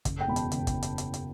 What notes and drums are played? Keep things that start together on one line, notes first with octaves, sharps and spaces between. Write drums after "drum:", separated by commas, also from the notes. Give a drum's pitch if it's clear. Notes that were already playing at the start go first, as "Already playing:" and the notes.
F#1, drum: kick, hi-hat
G5
E2 B2 B5
A5, drum: hi-hat
F#1, drum: hi-hat
drum: kick, hi-hat
drum: hi-hat
drum: hi-hat
drum: hi-hat